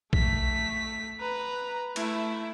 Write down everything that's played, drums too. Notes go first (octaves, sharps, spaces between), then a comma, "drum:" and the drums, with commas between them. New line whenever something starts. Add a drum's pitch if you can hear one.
A3 B6, drum: kick B1
B4 A#5
A3 E4, drum: cymbal